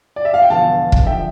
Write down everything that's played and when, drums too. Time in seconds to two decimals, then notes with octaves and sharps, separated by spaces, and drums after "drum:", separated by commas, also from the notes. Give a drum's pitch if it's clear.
0.16 D5
0.25 E5
0.34 F5
0.42 G5
0.50 E1 E2 D3 F3 F5 A5
0.92 drum: kick
1.07 D3 F3 E5 G5